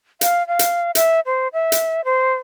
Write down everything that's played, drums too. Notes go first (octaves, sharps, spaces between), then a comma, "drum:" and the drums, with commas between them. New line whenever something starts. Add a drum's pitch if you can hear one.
F5, drum: hi-hat
F5
drum: hi-hat
E5, drum: hi-hat
C5
E5
drum: hi-hat
C5